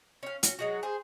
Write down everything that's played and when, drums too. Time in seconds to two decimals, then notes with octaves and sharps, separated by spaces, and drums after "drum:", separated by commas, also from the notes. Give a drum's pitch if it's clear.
0.23 C#4 F5
0.43 C#4 F#4, drum: hi-hat
0.59 F#3 G#3 F#4
0.83 G#4 C5